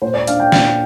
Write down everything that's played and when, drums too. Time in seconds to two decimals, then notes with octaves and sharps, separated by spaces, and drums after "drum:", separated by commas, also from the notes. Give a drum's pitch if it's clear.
0.02 A#2 C5
0.14 D5
0.27 D4 F5, drum: hi-hat
0.39 G5
0.52 A#2, drum: snare